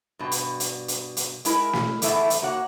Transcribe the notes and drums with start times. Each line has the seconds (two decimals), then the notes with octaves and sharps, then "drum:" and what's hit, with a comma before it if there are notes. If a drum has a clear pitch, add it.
0.19 G2 B2
0.32 drum: hi-hat
0.60 drum: hi-hat
0.88 drum: hi-hat
1.17 drum: hi-hat
1.45 G#3 E4 A#4, drum: hi-hat
1.73 drum: snare
2.02 E2 A2 A3 E5, drum: hi-hat
2.30 drum: hi-hat
2.42 A#3 F#4 C#5 F#5